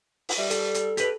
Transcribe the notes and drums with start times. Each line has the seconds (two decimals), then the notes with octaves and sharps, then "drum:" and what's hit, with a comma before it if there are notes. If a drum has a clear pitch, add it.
0.29 drum: open hi-hat
0.38 G3 E5
0.50 A4, drum: hi-hat
0.74 drum: hi-hat
0.97 G4 B4, drum: hi-hat